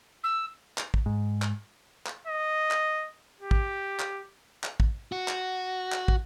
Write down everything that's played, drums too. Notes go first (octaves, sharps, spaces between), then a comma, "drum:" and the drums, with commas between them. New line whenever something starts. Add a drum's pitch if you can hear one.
E6
drum: clap
drum: kick
G#2
drum: clap
drum: clap
D#5
drum: clap
G4
drum: kick
drum: clap
drum: clap
drum: kick
F#4
drum: clap
drum: clap
drum: kick